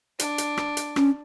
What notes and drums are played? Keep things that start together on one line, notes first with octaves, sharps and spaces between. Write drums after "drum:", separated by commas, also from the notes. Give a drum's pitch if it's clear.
D4, drum: hi-hat
drum: hi-hat
drum: rim click
drum: hi-hat
C#4, drum: rim click